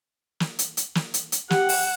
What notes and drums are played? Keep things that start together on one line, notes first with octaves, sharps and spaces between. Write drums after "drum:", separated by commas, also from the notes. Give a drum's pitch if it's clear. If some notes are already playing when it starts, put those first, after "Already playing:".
drum: snare
drum: hi-hat
drum: hi-hat
drum: snare
drum: hi-hat
drum: hi-hat
G4 F#5, drum: snare
drum: open hi-hat